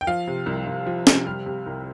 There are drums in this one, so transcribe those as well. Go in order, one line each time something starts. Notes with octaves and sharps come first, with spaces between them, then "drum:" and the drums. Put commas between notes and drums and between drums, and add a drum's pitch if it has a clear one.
G5
F3 F5
C3
C2
C2
F3
C3, drum: snare
G3 F6
C3
C2